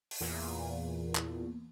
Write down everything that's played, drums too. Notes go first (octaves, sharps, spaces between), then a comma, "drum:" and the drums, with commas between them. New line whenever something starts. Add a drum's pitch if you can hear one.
drum: open hi-hat
E2 A#2
drum: clap